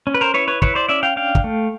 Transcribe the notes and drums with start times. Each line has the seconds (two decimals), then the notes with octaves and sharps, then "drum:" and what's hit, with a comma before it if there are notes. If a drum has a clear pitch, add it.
0.07 C#4
0.14 B4
0.21 A#4 C5
0.34 E4 B4 C#5
0.48 B4 C#5
0.62 E4 B4 C#5, drum: kick
0.75 C5 D5
0.89 C#4 D5 E5
1.03 F5 G5
1.16 D4 F5 G5
1.35 drum: kick
1.44 A3